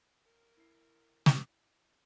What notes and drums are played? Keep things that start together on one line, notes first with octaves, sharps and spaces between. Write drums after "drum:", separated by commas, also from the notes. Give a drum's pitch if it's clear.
A#4
E4 C7
drum: snare